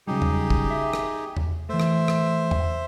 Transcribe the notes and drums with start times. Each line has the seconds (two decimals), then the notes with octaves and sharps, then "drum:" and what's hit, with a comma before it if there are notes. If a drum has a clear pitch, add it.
0.07 C#3 F#3 G3 D#4 G4 G#4
0.22 drum: tom E2
0.50 drum: kick
0.71 E5
0.93 drum: rim click
1.37 drum: tom E2
1.69 E3 A3 C5 E5
1.80 drum: rim click
2.08 drum: rim click
2.51 drum: tom E2